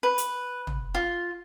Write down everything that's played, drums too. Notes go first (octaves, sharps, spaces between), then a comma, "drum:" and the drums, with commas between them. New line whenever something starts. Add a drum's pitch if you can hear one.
B4
drum: hi-hat
drum: tom
F4